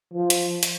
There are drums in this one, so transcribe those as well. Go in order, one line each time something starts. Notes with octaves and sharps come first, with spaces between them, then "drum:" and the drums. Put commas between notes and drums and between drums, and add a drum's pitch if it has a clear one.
F3
drum: hi-hat
drum: hi-hat